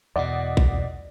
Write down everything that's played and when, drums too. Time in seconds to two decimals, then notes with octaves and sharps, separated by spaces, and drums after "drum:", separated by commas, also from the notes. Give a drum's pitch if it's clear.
0.16 E2 B2 D5 D#5 F#5
0.57 drum: kick A#1